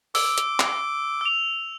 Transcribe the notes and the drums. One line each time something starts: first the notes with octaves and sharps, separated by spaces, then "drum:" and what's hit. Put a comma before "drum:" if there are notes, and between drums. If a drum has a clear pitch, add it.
D6 E6, drum: open hi-hat
drum: hi-hat
drum: clap
E6 F7